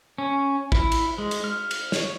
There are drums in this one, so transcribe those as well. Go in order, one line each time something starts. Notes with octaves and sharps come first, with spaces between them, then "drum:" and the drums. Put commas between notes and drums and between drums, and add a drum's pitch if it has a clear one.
C#4
E4, drum: kick
drum: cymbal
G#3
drum: cymbal
F6
drum: cymbal
C#5, drum: snare